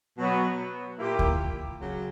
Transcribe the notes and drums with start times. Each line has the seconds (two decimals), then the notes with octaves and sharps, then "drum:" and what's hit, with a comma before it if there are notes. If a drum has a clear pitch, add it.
0.18 B2 F#3 B3
0.99 A#2 A#3 E4 G4
1.19 drum: kick D2
1.80 C#3 F#3